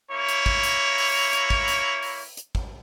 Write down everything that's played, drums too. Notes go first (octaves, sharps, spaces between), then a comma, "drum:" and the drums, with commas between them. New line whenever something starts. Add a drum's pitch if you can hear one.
A#3 E4 C#5
drum: hi-hat
drum: kick
drum: hi-hat
drum: open hi-hat
drum: hi-hat
drum: kick
drum: hi-hat
drum: open hi-hat
drum: hi-hat
drum: kick